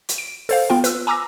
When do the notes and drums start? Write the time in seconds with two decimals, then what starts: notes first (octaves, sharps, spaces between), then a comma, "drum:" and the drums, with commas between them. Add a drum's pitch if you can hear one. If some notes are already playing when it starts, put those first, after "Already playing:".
0.09 drum: hi-hat
0.18 D7
0.49 A4 C5 F5, drum: open hi-hat
0.70 B3 F4 G5
0.84 B4 E6, drum: hi-hat
1.07 G#5 A#5 D6 E6 A#6